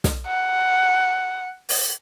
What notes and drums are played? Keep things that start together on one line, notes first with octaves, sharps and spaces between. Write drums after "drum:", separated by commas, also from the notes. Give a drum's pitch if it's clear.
drum: snare
F#5
drum: open hi-hat